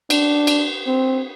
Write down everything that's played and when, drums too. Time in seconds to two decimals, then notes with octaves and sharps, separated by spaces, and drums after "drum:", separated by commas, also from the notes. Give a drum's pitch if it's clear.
0.10 D4, drum: cymbal
0.47 drum: cymbal
0.87 C4